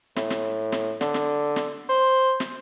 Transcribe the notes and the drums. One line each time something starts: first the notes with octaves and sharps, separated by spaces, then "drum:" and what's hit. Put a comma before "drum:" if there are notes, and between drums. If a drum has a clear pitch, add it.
A2, drum: snare
drum: snare
drum: snare
D3, drum: snare
drum: snare
drum: snare
C5
drum: snare